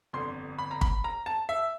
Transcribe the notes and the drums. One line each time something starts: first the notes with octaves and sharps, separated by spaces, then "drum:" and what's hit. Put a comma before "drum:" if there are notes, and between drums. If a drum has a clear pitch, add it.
G1 F2 D3 C6
B5
A#5
B5, drum: kick
A#5
A5
E5